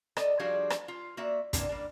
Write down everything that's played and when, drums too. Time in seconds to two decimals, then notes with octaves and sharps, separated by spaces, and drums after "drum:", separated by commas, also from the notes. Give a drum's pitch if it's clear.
0.17 A4 D5 D#5, drum: rim click
0.39 F3 G3 D4 F#4 G#4 F5
0.70 drum: rim click
0.88 F4
1.17 A#3 F#4 D5 E5
1.53 C3 E3 F3 A#3 B3 D4, drum: kick, hi-hat
1.69 G3 A#3 D4